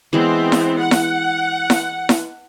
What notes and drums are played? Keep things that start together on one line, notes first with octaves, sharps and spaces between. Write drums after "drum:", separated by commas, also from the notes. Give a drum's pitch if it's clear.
E3 G#3 B3 C4
drum: snare E4
F#5
drum: snare E4
drum: snare E4
drum: snare E4